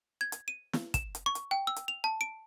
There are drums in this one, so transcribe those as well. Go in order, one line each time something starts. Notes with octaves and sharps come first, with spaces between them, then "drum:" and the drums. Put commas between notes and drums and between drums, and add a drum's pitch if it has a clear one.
G#6
drum: hi-hat
D#7
drum: snare
E7, drum: kick, hi-hat
drum: hi-hat
C#6
drum: hi-hat
G5
E6
drum: hi-hat
F7
A5
D7